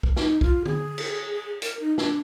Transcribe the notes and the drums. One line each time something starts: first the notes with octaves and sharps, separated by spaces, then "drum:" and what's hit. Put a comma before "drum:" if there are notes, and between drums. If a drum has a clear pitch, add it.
drum: kick B1
D#4, drum: snare
F4, drum: kick B1
G#4, drum: tom D3
drum: cymbal
A#4, drum: hi-hat
D#4
D4, drum: snare